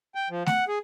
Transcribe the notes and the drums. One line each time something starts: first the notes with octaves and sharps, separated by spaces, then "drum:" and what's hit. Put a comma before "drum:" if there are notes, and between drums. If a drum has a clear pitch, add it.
G5
F3
F#5, drum: snare A3
G#4